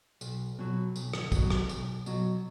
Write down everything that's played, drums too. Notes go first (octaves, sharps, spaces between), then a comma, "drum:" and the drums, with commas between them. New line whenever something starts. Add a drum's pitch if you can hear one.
B1, drum: tambourine
B2 F#3
B1, drum: tambourine
drum: rim click
B2 F#3, drum: kick, tambourine
drum: rim click
B1, drum: tambourine
B2 F#3, drum: tambourine